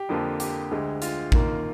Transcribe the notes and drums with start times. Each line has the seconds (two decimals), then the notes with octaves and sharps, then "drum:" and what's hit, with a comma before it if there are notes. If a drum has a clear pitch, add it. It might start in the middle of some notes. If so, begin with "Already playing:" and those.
Already playing: G4
0.09 F2 D3 F3 A#3
0.40 G4, drum: hi-hat
0.71 D2 D3 G#3
1.02 F4, drum: hi-hat
1.32 D#2 D#3 A#3, drum: kick